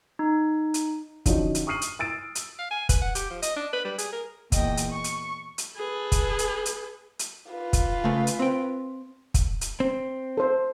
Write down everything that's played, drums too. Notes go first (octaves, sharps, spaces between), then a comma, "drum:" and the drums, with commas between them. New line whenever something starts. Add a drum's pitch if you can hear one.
D#4
drum: hi-hat
D3 F3 C#4 D#4 F#4, drum: kick, hi-hat
drum: hi-hat
C#6 D#6 F6 C7 D#7 F#7
drum: hi-hat
E6 A6 D7
drum: hi-hat
F5
G#5
B4, drum: kick, hi-hat
F#5
G4, drum: hi-hat
F3
D#5, drum: hi-hat
D4
B4
G3
G#4, drum: hi-hat
A#4
E2 A#2 D#5 G5, drum: kick, hi-hat
drum: hi-hat
C#6
drum: hi-hat
drum: hi-hat
G#4 A4 B4
drum: kick, hi-hat
drum: hi-hat
drum: hi-hat
drum: hi-hat
F4 B4
drum: kick, hi-hat
C#3 A3
drum: hi-hat
C4 G5
drum: kick, hi-hat
drum: hi-hat
C4
A4 C5